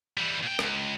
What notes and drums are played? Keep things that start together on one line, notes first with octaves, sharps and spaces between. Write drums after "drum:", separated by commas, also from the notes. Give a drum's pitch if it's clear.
E3 G3
A#2 G5
C#2, drum: rim click